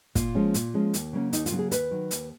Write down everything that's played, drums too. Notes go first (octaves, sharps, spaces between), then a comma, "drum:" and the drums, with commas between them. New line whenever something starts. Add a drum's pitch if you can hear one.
A#2 F4, drum: kick, hi-hat
F3 G#3 C#4
A#2, drum: hi-hat
F3 G#3 C#4
D#2, drum: hi-hat
C#3 F#3 A#3 C#4
D#2 D#4, drum: hi-hat
F4, drum: hi-hat
C#3 F#3 A#3 C#4
G#4
D#2 B4, drum: hi-hat
D#3 F#3
D#2, drum: hi-hat